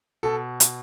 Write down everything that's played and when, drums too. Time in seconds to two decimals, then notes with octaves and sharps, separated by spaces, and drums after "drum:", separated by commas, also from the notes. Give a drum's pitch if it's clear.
0.23 B2 A4
0.60 drum: hi-hat